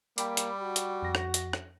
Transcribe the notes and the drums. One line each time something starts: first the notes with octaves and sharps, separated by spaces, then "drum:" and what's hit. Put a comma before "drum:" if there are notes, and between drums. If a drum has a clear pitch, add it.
G3 A#3 G5 B5 D6, drum: hi-hat
drum: hi-hat
F#4
drum: hi-hat
F2 A#6
drum: rim click
drum: hi-hat
drum: rim click